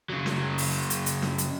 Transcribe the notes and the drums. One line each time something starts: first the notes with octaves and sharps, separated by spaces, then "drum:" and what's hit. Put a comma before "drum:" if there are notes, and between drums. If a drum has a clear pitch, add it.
C#3 F#3
drum: snare
drum: open hi-hat
drum: hi-hat
drum: hi-hat
drum: snare
drum: hi-hat